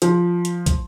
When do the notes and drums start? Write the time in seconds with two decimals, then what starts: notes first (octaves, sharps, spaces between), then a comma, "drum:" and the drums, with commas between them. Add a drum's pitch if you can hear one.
0.02 F3, drum: hi-hat
0.45 drum: hi-hat
0.66 drum: kick, hi-hat